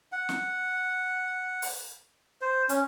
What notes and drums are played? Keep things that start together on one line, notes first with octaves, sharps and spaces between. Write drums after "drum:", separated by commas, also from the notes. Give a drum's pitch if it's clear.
F#5
drum: snare
drum: open hi-hat
C5
C#4, drum: hi-hat